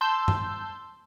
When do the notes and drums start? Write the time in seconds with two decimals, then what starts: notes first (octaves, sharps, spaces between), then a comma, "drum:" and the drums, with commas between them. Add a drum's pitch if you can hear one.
0.01 A5 C6 E6 G6
0.28 drum: tom G2